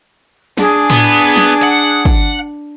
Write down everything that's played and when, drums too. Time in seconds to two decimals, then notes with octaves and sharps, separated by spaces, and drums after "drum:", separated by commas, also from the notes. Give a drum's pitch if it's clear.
0.57 D4 G#4, drum: snare
0.90 B3, drum: tom A2
1.36 drum: snare
1.63 F#5
2.05 drum: kick